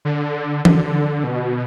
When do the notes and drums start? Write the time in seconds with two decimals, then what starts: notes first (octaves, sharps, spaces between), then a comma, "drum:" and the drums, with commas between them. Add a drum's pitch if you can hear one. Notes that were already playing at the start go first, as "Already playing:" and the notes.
0.05 D3
0.65 D3, drum: tom E3
1.24 B2